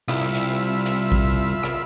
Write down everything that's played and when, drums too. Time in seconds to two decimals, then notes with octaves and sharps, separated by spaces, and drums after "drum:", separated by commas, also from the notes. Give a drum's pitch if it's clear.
0.08 C2 F4 E5 B5, drum: rim click
0.34 drum: hi-hat
0.86 drum: hi-hat
1.12 drum: kick
1.63 drum: rim click